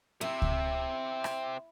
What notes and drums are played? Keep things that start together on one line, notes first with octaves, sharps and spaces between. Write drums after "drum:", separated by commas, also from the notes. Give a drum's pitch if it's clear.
C3 C4 E4
drum: kick C#2
drum: rim click